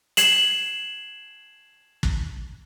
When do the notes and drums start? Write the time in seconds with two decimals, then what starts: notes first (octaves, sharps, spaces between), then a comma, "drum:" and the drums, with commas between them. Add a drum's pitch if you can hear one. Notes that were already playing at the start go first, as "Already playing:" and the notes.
0.17 G#6 C7 E7 F#7, drum: hi-hat
2.03 drum: kick